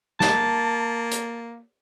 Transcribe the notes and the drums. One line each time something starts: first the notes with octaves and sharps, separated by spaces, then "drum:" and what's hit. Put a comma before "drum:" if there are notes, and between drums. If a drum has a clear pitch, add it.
A#3 A5, drum: snare
drum: hi-hat